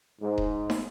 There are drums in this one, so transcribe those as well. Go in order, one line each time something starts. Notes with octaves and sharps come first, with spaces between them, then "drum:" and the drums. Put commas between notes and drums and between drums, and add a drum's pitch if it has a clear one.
G#2
drum: kick D#1
drum: snare